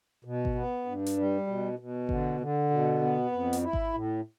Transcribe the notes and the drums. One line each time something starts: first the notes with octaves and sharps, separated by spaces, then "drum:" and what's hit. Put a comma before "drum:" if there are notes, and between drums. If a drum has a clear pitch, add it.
B2
drum: kick G#1
B3
G2
drum: hi-hat
G3
B2
B2
D3, drum: kick G#1
D3
B2
B3
F2
drum: hi-hat
E4
drum: kick G#1
A2